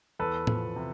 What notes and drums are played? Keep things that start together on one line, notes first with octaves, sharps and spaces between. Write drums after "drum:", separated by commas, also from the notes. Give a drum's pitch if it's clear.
E2 A4 B4
F3, drum: tom A2
C3